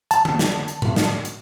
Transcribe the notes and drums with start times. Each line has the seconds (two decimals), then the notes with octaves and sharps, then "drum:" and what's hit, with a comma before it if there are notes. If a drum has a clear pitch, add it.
0.11 A5, drum: hi-hat
0.25 drum: tom D3
0.39 drum: snare
0.68 drum: hi-hat
0.82 drum: tom A2
0.96 drum: snare
1.25 drum: hi-hat